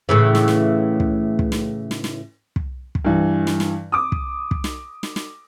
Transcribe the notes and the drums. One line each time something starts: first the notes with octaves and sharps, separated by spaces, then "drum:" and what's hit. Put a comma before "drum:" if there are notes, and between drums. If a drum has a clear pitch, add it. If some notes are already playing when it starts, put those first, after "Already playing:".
A2 C#3 E3
drum: snare
drum: snare
drum: kick
drum: kick
drum: snare
drum: snare
drum: snare
drum: kick
drum: kick
G2 E3
drum: snare
drum: snare
D6 D#6
drum: kick
drum: kick
drum: snare
drum: snare
drum: snare